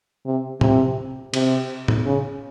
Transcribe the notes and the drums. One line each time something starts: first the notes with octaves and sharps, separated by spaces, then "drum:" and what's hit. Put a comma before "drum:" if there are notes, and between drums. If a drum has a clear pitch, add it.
C3
C3, drum: tom A2
C3, drum: cymbal
drum: tom A2
C#3